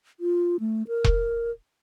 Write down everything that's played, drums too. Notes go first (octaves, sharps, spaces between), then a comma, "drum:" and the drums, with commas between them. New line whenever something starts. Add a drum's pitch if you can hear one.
F4
A3
A#4
drum: kick E1